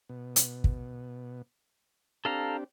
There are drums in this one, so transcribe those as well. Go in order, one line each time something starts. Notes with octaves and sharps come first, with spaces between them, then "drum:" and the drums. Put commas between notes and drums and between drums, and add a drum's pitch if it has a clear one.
B2
drum: hi-hat
drum: kick
C4 D4 G4 A4 F5 A#5